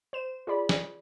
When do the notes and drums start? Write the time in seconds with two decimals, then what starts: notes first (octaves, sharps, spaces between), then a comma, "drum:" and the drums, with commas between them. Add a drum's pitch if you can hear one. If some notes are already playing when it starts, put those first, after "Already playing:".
0.13 C5 E7
0.47 F4 G#4 D5 B5
0.69 drum: snare